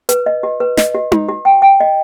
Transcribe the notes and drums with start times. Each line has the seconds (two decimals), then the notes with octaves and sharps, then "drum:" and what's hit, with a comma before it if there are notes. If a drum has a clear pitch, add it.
0.09 B4, drum: hi-hat
0.26 D#5
0.43 F#4
0.60 B4
0.77 D#5, drum: snare
0.95 F#4
1.12 F#4, drum: tom D#4
1.29 F#4
1.45 G5
1.62 G5
1.80 D#5